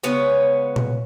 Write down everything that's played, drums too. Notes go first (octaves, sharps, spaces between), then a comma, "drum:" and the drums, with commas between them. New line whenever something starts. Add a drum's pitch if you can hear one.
C#3 G#3 B3 C#4 B4 C#5
drum: tom A#2